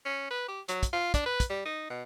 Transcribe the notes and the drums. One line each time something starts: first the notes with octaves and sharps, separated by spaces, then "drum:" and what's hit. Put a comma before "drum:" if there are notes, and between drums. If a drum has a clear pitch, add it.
C#4
B4
G4
F#3, drum: hi-hat
drum: kick, hi-hat
F4
D4, drum: kick, hi-hat
B4
drum: kick, hi-hat
G3
D#4
B2